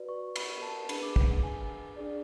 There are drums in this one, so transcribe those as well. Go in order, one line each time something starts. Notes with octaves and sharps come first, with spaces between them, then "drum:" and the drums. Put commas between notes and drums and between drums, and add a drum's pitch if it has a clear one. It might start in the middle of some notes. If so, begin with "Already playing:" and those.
Already playing: F#4 B4 D5
C#6
B5, drum: cymbal
A5
D4 G#4 B4 B5, drum: cymbal
D6
D6, drum: kick
D6
G#5
D4 G#4 D5